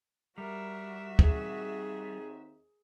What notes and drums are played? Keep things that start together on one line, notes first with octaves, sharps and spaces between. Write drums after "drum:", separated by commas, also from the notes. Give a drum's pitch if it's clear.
G3 F#4 A#4 E5
D#2 C4 D#4 G#4, drum: kick